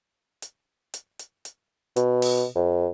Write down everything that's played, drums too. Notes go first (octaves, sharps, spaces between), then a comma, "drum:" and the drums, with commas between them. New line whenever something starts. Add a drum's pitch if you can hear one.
drum: hi-hat
drum: hi-hat
drum: hi-hat
drum: hi-hat
B2, drum: hi-hat
drum: open hi-hat
F2